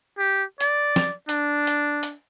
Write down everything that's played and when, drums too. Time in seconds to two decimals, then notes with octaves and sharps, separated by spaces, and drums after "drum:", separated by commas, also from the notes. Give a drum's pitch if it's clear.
0.18 G4
0.61 D5, drum: hi-hat
0.96 drum: snare
1.29 D4, drum: hi-hat
1.67 drum: hi-hat
2.03 drum: hi-hat